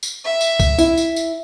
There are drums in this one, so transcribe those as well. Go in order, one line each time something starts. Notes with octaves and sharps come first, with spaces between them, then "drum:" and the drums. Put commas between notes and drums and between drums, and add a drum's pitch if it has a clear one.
drum: tambourine
E5
drum: tambourine
drum: kick C2, tambourine
E4, drum: tambourine
drum: tambourine
drum: tambourine